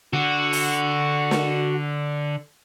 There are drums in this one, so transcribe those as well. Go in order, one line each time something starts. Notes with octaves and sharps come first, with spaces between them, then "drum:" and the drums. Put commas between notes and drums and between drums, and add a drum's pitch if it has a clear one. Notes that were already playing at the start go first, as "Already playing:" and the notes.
D3 F#4
drum: open hi-hat
drum: snare